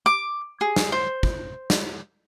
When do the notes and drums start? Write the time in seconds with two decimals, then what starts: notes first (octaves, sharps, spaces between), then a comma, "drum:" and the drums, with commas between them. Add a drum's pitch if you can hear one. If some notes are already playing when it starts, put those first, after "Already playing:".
0.06 D6
0.61 G#4
0.76 drum: snare
0.92 C5
1.23 drum: kick
1.70 drum: snare